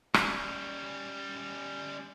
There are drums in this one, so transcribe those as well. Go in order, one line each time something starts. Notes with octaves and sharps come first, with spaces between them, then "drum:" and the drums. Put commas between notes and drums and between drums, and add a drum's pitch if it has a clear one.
G3 C#4, drum: rim click